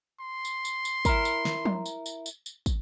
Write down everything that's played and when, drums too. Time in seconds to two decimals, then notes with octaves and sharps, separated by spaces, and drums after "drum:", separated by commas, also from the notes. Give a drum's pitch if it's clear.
0.20 C6
0.45 drum: tambourine
0.65 drum: tambourine
0.85 drum: tambourine
1.05 E4 A#4, drum: kick, tambourine
1.25 drum: tambourine
1.45 drum: snare
1.65 drum: tom F3
1.86 drum: tambourine
2.06 drum: tambourine
2.26 drum: tambourine
2.46 drum: tambourine
2.66 drum: kick, tambourine